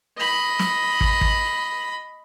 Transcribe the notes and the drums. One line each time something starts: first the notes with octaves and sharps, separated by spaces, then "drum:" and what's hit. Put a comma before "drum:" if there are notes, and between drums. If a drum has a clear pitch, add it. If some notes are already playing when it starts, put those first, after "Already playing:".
D#5 B5
drum: snare
drum: kick
drum: kick